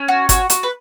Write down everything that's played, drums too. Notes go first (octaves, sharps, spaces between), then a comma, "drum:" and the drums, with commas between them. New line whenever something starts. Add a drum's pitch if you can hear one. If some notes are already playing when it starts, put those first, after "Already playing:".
Already playing: C#4
F#4
F#4 C#5, drum: kick G1, hi-hat
F#4, drum: hi-hat
B4